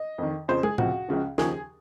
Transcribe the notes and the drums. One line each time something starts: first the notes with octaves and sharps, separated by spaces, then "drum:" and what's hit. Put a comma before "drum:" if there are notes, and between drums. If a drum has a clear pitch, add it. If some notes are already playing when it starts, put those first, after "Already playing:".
Already playing: D#5
F2 D#3
F2 C#3 F3 C5
G#4, drum: tom
C#2 C3 F3 F#4, drum: tom A2
C#2 C#3 F3
D#2 C#3 F3 G#4, drum: snare